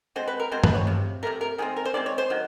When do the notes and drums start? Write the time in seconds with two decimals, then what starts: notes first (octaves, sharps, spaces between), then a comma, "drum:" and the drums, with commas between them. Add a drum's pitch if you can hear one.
0.16 B2 G#3 C4 C5
0.28 B4
0.40 A#4
0.52 B2 G#3 C4 C5
0.64 B4, drum: tom G2
0.75 C#5
0.87 C3 F3
1.23 C3 F3 A3 A#4
1.41 A#4
1.58 D#3 G#3 C4 G#4
1.76 A#4
1.85 C5
1.94 D#3 G#3 C4 D5
2.06 C#5
2.18 C5
2.30 D#3 F#3